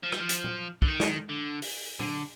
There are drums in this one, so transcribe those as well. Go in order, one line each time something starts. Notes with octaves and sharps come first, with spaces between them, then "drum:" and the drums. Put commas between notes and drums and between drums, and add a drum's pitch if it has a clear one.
F3
G3, drum: rim click
F3
drum: hi-hat
drum: tom A#2
D3, drum: kick
D#3
drum: snare
D3
drum: open hi-hat
D3, drum: tom A#2